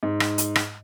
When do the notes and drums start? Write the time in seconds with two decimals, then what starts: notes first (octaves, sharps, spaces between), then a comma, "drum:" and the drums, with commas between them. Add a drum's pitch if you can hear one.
0.03 G#2
0.20 drum: rim click
0.38 drum: hi-hat
0.56 drum: rim click